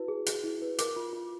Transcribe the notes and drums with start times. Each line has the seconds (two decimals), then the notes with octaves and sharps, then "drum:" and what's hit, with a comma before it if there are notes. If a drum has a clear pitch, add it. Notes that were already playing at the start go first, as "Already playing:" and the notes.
Already playing: E4 F#4 B4
0.08 G#4
0.26 G#4, drum: hi-hat
0.44 E4
0.62 B4
0.78 A#4 D6, drum: hi-hat
0.96 F4
1.13 F4